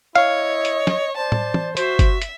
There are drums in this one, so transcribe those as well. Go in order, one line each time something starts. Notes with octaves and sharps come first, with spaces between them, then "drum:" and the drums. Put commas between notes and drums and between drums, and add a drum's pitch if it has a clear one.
E4 C#5 D#5 F5
drum: hi-hat
drum: snare
C5 D5 A5
drum: tom
drum: tom
F#4 C5 E5, drum: hi-hat
drum: kick, hi-hat
drum: hi-hat